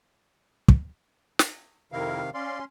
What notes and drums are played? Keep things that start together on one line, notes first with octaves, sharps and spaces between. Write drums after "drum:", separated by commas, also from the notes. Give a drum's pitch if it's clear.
drum: kick
drum: snare
F2 C3 D#3 E4 A#4 F5
C#4 D5 F5 C6